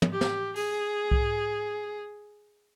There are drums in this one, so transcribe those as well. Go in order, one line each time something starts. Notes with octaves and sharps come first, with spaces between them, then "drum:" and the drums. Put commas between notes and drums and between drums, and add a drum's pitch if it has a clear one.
drum: tom
G4
drum: snare
G#4, drum: open hi-hat
drum: kick C2